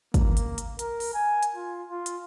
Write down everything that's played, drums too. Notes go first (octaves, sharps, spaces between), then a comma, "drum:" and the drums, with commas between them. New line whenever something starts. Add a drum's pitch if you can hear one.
A#3, drum: kick, hi-hat
drum: hi-hat
drum: hi-hat
A#4, drum: hi-hat
drum: open hi-hat
G#5
drum: hi-hat
F4
F4
drum: hi-hat